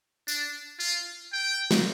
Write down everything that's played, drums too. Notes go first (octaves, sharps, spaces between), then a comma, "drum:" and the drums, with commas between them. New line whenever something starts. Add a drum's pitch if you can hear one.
D4, drum: tambourine
F4
G5
drum: snare